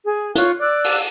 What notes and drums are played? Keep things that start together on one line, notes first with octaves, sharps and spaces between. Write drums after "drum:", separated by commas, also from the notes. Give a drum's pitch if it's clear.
G#4
F4 C#5 C#6 F#6, drum: hi-hat
D5 D6 E6 F#6
drum: open hi-hat